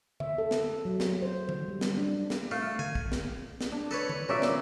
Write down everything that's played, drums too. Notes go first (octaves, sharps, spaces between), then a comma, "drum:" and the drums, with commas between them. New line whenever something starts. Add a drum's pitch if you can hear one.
E5, drum: tom D3
A4
drum: snare
F#3
drum: snare
C5
drum: tom D3
G3
drum: snare
D4
drum: snare
A3 F5
G#5, drum: tom D3
drum: kick
drum: snare
drum: snare
D4
A4 B4 C#5
drum: tom D3
A#2 C#4 D5 E5
drum: snare